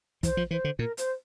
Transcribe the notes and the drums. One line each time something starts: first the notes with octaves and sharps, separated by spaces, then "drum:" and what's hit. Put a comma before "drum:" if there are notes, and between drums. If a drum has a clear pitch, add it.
E3 C5, drum: kick, hi-hat
F3
E3 C5
D3
A#2 A#4
C5, drum: hi-hat